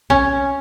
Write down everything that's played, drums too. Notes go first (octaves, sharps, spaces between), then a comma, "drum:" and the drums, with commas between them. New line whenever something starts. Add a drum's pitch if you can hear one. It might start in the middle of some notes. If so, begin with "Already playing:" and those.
C#4, drum: kick